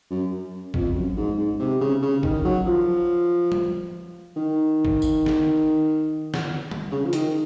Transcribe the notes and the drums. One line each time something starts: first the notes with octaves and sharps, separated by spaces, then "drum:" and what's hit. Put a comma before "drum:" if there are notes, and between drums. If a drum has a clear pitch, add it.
F#2
F2, drum: kick A1
F#2
G#2
G#2
C3
C#3
C#3
D#3, drum: kick A1
F#3
F3
drum: tom G3
D#3
drum: kick A1
drum: tambourine
drum: snare
drum: snare
drum: tom G3
C#3
F3
D#3, drum: hi-hat